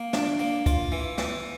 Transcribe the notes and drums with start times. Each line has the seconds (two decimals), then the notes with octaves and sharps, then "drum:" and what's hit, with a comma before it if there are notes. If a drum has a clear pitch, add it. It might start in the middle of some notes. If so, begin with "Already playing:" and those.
Already playing: A#3
0.13 D4, drum: snare
0.40 A#3
0.66 F4, drum: kick, hi-hat
0.92 E3
1.18 E3, drum: snare